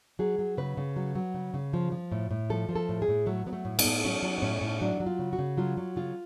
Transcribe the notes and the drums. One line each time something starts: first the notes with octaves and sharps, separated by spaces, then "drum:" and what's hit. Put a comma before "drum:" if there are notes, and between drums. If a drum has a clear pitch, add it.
F#3 G#4
F#3
C#3 B4
C#3
F#3
F#3
C#3
C#3
F3
F3
A2
A2
F3 A4
F3
A4
A2
G#4
A2
F#3 A3
F#3 B3
A3
A2
B3, drum: cymbal
A2
F#3 C#4
F#3
B3
A2 C#4
A2
F#3 D4
F#3
F4
C#3
F#4
C#3
F#3 F4
F#3
C#3 F4